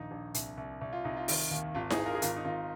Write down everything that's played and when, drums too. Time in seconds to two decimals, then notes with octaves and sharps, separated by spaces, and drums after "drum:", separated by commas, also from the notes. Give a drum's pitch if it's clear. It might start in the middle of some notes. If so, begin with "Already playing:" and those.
Already playing: A#1 D#2 D#4
0.11 A#1
0.34 C2, drum: hi-hat
0.57 C2
0.81 C2
0.93 F4
1.04 C2 D#4
1.17 F4
1.28 D#3, drum: open hi-hat
1.51 D#2
1.74 G#1 F4
1.90 D#4 G#4, drum: snare E4
1.98 G#1
2.06 F4 A#4
2.15 G#4
2.22 G#1 F4 A#4, drum: hi-hat
2.36 D#4
2.45 G#1 F4